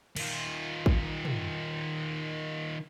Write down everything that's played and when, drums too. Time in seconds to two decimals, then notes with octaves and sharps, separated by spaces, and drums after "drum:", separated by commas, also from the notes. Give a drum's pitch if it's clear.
0.16 D#3 F4, drum: cymbal
0.86 drum: kick A1
1.25 drum: tom